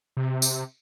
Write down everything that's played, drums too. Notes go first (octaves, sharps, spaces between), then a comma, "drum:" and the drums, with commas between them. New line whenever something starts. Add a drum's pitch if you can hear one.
C3
drum: tambourine